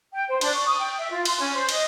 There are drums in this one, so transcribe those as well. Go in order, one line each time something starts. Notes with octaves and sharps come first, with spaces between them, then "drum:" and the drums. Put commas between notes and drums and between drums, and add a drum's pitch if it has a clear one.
G5
C5
D4, drum: cymbal
C#6
D#6
G5
E5
F4
C6, drum: cymbal
C#4
C5
D#5, drum: cymbal